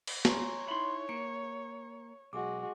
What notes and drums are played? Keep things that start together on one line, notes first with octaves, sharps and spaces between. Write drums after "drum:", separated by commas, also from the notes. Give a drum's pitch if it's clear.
drum: cymbal
C#5 G#5 A#5 C6, drum: snare
D#4 E4 E5 B5 C6
A#3 C#7
B1 G#3 F#4 D6